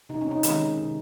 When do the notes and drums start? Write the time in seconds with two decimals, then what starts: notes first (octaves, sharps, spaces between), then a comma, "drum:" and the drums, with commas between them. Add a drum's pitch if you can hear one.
0.09 C3 D#4
0.21 C#4
0.31 D#4
0.43 D#3 G#3 C#4, drum: hi-hat
0.77 C3